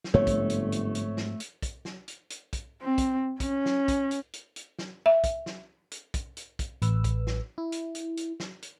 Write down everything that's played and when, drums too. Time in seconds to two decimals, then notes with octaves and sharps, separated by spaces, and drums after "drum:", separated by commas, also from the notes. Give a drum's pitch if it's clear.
0.04 drum: snare
0.14 G1 G#2 F3 A3 C4 C#5
0.27 drum: kick, hi-hat
0.50 drum: hi-hat
0.72 drum: hi-hat
0.95 drum: hi-hat
1.17 drum: snare
1.40 drum: hi-hat
1.62 drum: kick, hi-hat
1.85 drum: snare
2.08 drum: hi-hat
2.30 drum: hi-hat
2.53 drum: kick, hi-hat
2.81 C4
2.98 drum: kick, hi-hat
3.40 C#4, drum: kick, hi-hat
3.66 drum: snare
3.88 drum: kick, hi-hat
4.11 drum: hi-hat
4.33 drum: hi-hat
4.56 drum: hi-hat
4.79 drum: snare
5.06 E5
5.24 drum: kick, hi-hat
5.46 drum: snare
5.91 drum: hi-hat
6.14 drum: kick, hi-hat
6.37 drum: hi-hat
6.59 drum: kick, hi-hat
6.82 A1 B4 E6, drum: hi-hat
7.04 drum: kick, hi-hat
7.27 drum: snare
7.58 E4
7.72 drum: hi-hat
7.95 drum: hi-hat
8.17 drum: hi-hat
8.40 drum: snare
8.62 drum: hi-hat